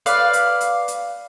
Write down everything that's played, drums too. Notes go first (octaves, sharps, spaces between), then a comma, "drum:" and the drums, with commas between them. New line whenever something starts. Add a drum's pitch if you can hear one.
B4 D5 F5, drum: hi-hat
drum: hi-hat
drum: hi-hat
drum: hi-hat